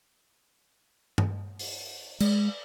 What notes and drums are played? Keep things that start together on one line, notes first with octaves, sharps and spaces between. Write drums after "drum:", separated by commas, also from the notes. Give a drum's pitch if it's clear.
drum: tom G2
drum: open hi-hat
G#3, drum: cymbal